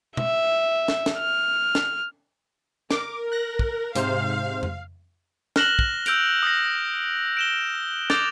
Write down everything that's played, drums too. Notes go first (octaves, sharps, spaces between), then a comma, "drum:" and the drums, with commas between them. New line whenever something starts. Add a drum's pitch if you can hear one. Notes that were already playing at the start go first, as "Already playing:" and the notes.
E5, drum: tom B2
drum: snare
drum: snare
F6
drum: snare
A#4 D6, drum: snare
F#6 A#6
drum: kick
G#2 C3 C5 F5, drum: hi-hat
drum: tom F2
F6 F#6 A#6 E7 F#7 G7, drum: snare
drum: kick
E6 G6 D7 F7, drum: hi-hat
D#6 A#6
D7 E7 G7
D6 G6 A6 D7 F7, drum: snare